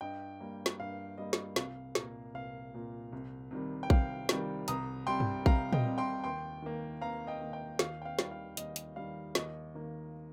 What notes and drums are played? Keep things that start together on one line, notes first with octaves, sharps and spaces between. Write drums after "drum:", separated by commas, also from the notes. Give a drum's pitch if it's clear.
G2 D#5 G5
G3 A#3
drum: snare
G2 F5
G3 A#3 D#5
drum: snare
C2 F5, drum: snare
A#2 A#3, drum: snare
C2 F5
A#2 A#3
C2
C3 D#3 G3
G5
C2 F5, drum: kick A#1
C3 D#3 G3, drum: snare
C2 A#5 D#6, drum: hi-hat
C3 G3 G5 C6
drum: tom G2
C2 F5 A#5, drum: kick A#1
D#5 G5, drum: tom A#2
C3 G3
G5 C6
D#2 G5 C6
D#3 A#3
D#2 F5 A#5
D#5 G5
D#3 A#3
D#5 G5
D#2 F5, drum: snare
G5
F5
D#3 G3, drum: snare
F5
D#2 D#5, drum: hi-hat
drum: hi-hat
D#3 G3 F5
D#2 D#5, drum: snare
D#3 A#3